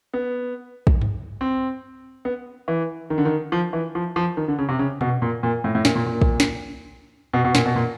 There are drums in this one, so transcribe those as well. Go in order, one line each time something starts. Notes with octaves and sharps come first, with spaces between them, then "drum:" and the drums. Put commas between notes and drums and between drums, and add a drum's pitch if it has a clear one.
B3
drum: kick A#1
drum: tom G2
C4
B3
E3
D#3
D3
D#3
F3
E3
F3
F3
D#3
D3
C#3
C3
C#3
B2, drum: tom B2
A#2
A#2
A2
A2
A#2, drum: snare
A#2
A#2
drum: kick A#1
drum: snare
B2
B2
A#2, drum: snare
B2
A#2